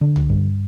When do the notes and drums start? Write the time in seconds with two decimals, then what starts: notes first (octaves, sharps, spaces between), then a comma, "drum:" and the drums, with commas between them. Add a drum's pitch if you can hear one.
0.01 D3
0.16 drum: tom
0.30 G2